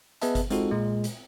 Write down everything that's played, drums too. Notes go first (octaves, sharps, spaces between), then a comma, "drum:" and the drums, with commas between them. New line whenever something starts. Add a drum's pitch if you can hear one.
B3 G#4 B4 D#5 E5 A5, drum: hi-hat
drum: kick G1, hi-hat
G#3 C4 D#4 F4 F#4 A4, drum: hi-hat
A#2 G#3
drum: hi-hat